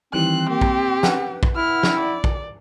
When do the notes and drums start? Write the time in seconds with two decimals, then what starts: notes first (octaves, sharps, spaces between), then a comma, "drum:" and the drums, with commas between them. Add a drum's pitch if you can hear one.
0.13 D#3 E3 G3 C4 F#6
0.50 A#3 G4
0.61 drum: kick
1.03 B4 F#5 G5, drum: snare
1.43 drum: kick
1.56 E4 F6
1.83 drum: snare
2.01 D5
2.24 drum: kick